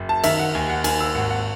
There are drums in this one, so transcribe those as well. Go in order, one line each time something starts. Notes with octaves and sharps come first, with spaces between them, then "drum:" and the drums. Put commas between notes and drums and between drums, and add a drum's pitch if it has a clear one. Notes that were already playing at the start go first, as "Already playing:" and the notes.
Already playing: F#1
A5
D#3 E5, drum: cymbal
F#5
D#2 G#5
F#5
D#3 G#5, drum: cymbal
E6
G#1 F#5
F#5